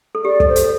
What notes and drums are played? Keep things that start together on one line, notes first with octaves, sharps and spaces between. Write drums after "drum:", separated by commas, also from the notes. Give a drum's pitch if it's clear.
A4
G4 D5
A4, drum: kick
C5
A4, drum: hi-hat